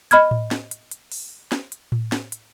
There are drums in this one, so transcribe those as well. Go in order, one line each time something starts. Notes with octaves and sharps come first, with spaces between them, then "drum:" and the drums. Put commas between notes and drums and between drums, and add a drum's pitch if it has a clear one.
D#5 B5 F6 G#6, drum: hi-hat
drum: tom A2
drum: snare
drum: hi-hat
drum: hi-hat
drum: open hi-hat
drum: snare
drum: hi-hat
drum: tom A2
drum: snare
drum: hi-hat